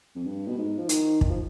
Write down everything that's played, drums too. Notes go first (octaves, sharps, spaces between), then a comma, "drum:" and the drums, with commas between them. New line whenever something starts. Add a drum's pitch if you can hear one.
F2
G2
B2
G#2
F3
D#3, drum: hi-hat
D#3, drum: kick
F3